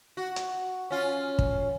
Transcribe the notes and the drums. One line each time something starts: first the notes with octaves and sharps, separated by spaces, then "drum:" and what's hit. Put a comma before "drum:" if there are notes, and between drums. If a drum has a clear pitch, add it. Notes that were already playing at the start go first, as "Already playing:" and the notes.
F#4
drum: hi-hat
C#4 F4
drum: kick